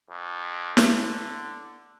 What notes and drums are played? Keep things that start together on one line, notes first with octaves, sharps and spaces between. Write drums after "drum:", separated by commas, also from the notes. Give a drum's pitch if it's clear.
F2
D3, drum: snare